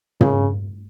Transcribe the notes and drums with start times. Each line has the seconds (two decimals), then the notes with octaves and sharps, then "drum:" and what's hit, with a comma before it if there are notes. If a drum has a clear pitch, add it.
0.21 C#3, drum: tom